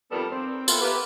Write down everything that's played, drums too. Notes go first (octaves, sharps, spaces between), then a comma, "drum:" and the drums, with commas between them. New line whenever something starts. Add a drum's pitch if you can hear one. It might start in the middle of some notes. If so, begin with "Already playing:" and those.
F2 D#3 G3 B3 A4 A#4
C4
A#3 B3 E4 F4 A4, drum: tambourine
A#3 B3 E4 G4 B4